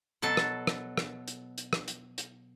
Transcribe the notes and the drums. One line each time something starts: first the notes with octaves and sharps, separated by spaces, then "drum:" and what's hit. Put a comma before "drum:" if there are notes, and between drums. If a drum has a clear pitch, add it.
B2 F#3 A4 A5
drum: rim click
drum: rim click
drum: rim click
drum: hi-hat
drum: hi-hat
drum: rim click
drum: hi-hat
drum: hi-hat